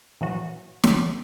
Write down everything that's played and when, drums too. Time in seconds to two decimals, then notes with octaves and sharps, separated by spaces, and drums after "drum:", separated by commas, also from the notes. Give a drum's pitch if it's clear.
0.21 A#2 E3 F#3 F#4
0.84 drum: snare